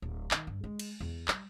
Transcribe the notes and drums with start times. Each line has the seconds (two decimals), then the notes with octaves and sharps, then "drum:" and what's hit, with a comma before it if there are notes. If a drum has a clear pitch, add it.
0.02 D1
0.31 D#3, drum: clap
0.47 G2
0.64 G#3
0.79 drum: cymbal
1.00 E2
1.28 G3, drum: clap